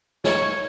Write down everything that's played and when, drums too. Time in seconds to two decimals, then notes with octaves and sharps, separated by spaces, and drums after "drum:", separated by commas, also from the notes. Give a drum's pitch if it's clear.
0.24 C#5, drum: snare